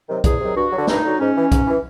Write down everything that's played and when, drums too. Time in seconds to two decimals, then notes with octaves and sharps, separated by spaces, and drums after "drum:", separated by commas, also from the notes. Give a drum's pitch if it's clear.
0.09 C3 D#3 F#3
0.24 E2 G#4, drum: kick B1, hi-hat
0.41 C3 D#3 F#3
0.56 G2 F#4
0.72 F#3
0.77 D3
0.87 G2 D#4, drum: snare
1.03 D3 F#3
1.19 G#2 C#4
1.36 E3
1.52 G#2, drum: kick B1, hi-hat
1.67 E3